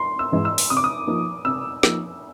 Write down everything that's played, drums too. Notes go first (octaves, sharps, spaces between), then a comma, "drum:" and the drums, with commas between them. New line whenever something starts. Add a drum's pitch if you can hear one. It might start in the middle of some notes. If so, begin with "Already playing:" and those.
Already playing: C6
E6
G#2 E3
E6
drum: open hi-hat
C3 D#6
D6
D#6
F3 A#3 D#4
C3 E6
F3 A#3 D#4, drum: snare